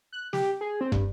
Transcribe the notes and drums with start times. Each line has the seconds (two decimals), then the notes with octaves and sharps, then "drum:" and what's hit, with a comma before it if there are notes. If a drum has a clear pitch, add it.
0.13 F#6
0.33 G4, drum: snare
0.61 G#4
0.81 C4
0.92 G2, drum: kick